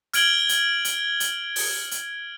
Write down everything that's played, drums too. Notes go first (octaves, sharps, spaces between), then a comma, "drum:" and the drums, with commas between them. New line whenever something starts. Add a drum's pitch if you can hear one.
F6 G#6 D7 F#7 G7, drum: hi-hat
drum: hi-hat
drum: hi-hat
drum: hi-hat
drum: open hi-hat
drum: hi-hat